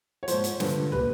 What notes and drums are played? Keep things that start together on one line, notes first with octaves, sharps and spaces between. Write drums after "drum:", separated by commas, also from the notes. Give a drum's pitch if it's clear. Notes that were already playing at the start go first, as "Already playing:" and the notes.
C#5
G#2 F3 C5, drum: hi-hat
drum: hi-hat
G2 D3 F3, drum: snare
A#2 G3 B4, drum: tom